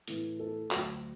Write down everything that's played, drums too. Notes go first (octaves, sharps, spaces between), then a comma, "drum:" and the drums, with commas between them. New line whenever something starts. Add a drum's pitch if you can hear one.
A2 E3 A3, drum: hi-hat
A4
D2 D3 F#3 F#4, drum: clap